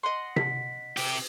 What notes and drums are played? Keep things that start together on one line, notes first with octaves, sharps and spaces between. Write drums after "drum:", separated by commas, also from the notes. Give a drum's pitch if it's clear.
D#5 F#5 C6
B6, drum: tom C3
C3 G4, drum: open hi-hat